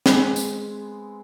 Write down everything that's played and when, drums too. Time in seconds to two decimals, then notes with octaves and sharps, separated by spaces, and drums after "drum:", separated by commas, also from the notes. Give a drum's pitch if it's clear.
0.06 G#3 B3 C4 G#4, drum: snare
0.36 drum: tambourine